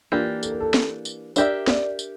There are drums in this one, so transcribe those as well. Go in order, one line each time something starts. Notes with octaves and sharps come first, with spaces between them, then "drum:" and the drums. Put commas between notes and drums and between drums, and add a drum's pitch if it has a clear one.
E3 A#3 D4 F4 G4
A4, drum: tambourine
A#4
A4
drum: snare
drum: tambourine
D4 G4 A#4 D5 E5, drum: tambourine
D5, drum: snare
drum: tambourine